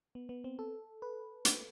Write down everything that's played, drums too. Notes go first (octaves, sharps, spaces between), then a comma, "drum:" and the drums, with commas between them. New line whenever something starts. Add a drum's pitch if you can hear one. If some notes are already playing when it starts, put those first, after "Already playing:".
B3
B3
C4
A4
B4
drum: hi-hat